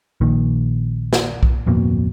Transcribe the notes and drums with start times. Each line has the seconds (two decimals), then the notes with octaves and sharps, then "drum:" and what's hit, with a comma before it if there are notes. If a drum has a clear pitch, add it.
0.21 A#1 A#2 D#3
1.13 drum: snare
1.43 drum: kick
1.67 D1 F2 B2 A#3